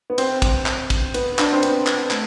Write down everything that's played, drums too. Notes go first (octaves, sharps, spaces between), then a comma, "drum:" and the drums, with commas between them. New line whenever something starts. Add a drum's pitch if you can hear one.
B3
C4, drum: cymbal
drum: kick, cymbal
drum: clap
drum: kick, cymbal
B3, drum: cymbal
D4, drum: clap
C4
B3, drum: cymbal
drum: clap
A3, drum: clap